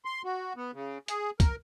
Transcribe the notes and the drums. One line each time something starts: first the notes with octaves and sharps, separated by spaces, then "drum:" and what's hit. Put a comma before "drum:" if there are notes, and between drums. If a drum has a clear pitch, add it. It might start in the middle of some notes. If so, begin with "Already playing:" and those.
C6
F#4
B3
C#3
G#4, drum: hi-hat
A#4, drum: kick C2, hi-hat